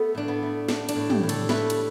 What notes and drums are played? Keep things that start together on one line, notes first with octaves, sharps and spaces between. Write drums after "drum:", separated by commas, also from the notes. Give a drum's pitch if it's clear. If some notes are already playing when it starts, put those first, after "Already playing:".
Already playing: A3 B3 A4
A2 D4
B3
A3
A3 D4, drum: snare
D4, drum: cymbal
A2
G4, drum: tom
A2
A4, drum: cymbal
A3 B4, drum: snare
drum: cymbal